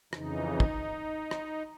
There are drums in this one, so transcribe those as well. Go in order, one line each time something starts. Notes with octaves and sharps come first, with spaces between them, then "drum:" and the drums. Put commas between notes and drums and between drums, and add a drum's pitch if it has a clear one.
F2 C#3 E3 D#4, drum: rim click
drum: kick
drum: rim click